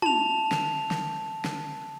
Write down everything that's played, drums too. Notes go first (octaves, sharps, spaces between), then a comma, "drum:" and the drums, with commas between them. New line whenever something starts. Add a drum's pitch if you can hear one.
A5 F7, drum: tom
drum: snare
drum: snare
drum: snare